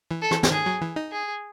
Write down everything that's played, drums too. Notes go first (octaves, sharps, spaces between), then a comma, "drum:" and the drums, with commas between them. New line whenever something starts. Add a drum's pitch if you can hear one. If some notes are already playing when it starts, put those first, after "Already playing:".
E3
A4
E3, drum: rim click
E3, drum: snare
D#3 G#4
F#3
E3
D#4
G#4